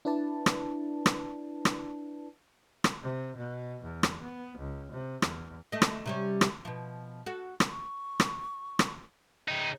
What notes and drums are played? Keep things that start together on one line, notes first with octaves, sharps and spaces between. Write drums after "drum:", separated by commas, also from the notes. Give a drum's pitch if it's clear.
D4 E4 B4 D5 A5
drum: rim click
drum: rim click
drum: rim click
drum: rim click
C3
B2
E2
drum: rim click
B3
C#2
C3
E2, drum: rim click
A3 D#5
drum: rim click
C3 G3 C#4
drum: rim click
B2 F3
F#4 A4
drum: rim click
C#6
drum: rim click
drum: rim click
C#3 D#4 G5